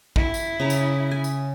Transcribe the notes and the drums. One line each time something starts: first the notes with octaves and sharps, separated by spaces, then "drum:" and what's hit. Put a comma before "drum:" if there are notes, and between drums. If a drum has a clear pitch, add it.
E4, drum: kick A1
drum: tambourine
C#3 A#5
drum: tambourine
G#5
drum: tambourine